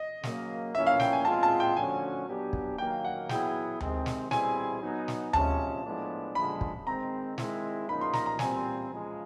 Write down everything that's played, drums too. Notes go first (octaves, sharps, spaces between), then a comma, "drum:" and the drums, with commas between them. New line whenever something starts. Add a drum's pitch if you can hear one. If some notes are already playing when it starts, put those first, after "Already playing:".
Already playing: D#5
C#3 F#3 A#3, drum: snare
A2 F3 A#3 C#4 E4 E5
F5
G5, drum: snare
G#5
G#3 C4 F4 G#4 A5
A5
G5
D3 F3 A3 C#4 F#4 G#5
F#3 B3 D4 G4
drum: kick
D#3 F#3 A#3 G5
F#5
F#3 B3 E4 G#4 G5, drum: snare
C3 D#3 G#3 C4, drum: tom D2
drum: snare
B2 G3 C4 E4 G#4 G#5, drum: snare
F#3 B3 D#4
drum: snare
C3 F3 G#3 C#4 A5, drum: tom D2
A2 F3 G#3 B3 D4
D3 F3 G#3 B5
drum: kick
D#3 G#3 C4 A#5
D#3 G#3 C4 E4, drum: snare
C#3 F3 A#3 D#4 B5
C6
A#5, drum: snare
A#5
A#2 G3 C4 G#5, drum: snare
C#3 F3 G#3